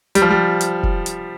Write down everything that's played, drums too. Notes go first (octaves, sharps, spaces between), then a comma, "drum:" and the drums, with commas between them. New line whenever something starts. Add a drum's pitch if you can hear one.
G3, drum: hi-hat
F3
G3
drum: hi-hat
drum: kick
drum: hi-hat